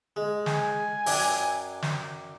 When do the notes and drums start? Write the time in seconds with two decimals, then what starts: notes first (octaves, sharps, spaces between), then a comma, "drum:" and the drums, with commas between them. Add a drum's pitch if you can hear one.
0.16 G#3
0.46 G#5, drum: snare
1.06 F#2 D4 G5, drum: open hi-hat
1.82 drum: snare